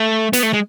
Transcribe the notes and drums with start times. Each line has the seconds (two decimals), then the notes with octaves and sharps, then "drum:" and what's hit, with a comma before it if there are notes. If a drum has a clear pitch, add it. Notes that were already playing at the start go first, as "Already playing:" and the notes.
Already playing: A3
0.33 B3, drum: hi-hat
0.43 A3
0.53 G#3